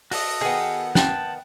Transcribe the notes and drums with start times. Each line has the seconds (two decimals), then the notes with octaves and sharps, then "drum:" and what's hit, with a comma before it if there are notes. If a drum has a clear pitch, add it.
0.11 F#4 A4 D#5, drum: open hi-hat
0.41 D#3 B3 G#4 G5
0.95 F#5 G5 A5, drum: snare